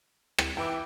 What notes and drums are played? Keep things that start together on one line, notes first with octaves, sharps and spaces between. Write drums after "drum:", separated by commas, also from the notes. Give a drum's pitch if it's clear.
drum: rim click
E3 G5 D6